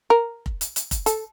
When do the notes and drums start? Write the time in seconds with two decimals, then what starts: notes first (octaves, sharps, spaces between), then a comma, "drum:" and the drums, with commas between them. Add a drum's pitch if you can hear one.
0.10 A#4
0.46 drum: kick F1
0.61 drum: hi-hat
0.76 drum: hi-hat
0.91 drum: kick F1, hi-hat
1.06 A4, drum: hi-hat